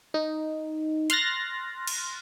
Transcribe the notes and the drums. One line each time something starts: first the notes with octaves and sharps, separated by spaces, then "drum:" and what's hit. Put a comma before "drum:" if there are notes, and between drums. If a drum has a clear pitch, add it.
D#4
C6 F6 F#6 A6 A#6, drum: hi-hat
drum: cymbal